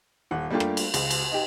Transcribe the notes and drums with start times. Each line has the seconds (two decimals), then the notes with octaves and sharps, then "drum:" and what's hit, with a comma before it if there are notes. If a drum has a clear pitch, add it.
0.31 D#1 F#5
0.50 G3 A3 A#3 D4 F4 G4
0.60 drum: rim click
0.77 drum: cymbal
0.94 C#2, drum: cymbal
1.11 drum: cymbal
1.32 D#4 G4